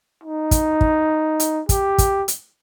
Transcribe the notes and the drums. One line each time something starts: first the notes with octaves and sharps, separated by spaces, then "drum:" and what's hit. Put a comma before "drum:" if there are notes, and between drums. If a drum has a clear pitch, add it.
D#4
drum: kick, hi-hat
drum: kick
drum: hi-hat
G4, drum: kick, hi-hat
drum: kick, hi-hat
drum: hi-hat